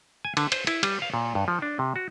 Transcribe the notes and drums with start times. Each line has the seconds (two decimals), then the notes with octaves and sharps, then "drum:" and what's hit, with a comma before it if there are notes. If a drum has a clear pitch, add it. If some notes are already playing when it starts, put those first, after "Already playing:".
0.25 G#5
0.37 D3, drum: cymbal
0.52 C5, drum: cymbal
0.67 E4, drum: cymbal
0.83 G3, drum: cymbal
1.02 F5
1.14 A#2
1.35 G2
1.48 F3
1.62 D4
1.79 C3
1.96 F#4